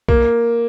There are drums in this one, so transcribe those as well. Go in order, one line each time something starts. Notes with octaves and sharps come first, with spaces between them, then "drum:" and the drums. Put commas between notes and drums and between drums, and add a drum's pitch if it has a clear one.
A#3, drum: kick